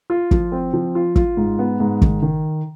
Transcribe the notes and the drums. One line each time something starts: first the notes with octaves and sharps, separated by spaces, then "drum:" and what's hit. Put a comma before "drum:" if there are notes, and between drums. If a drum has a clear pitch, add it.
F4
F3, drum: kick
C4
F3
F4
F4, drum: kick
G#2
B3
G#2
D#3, drum: kick
D#3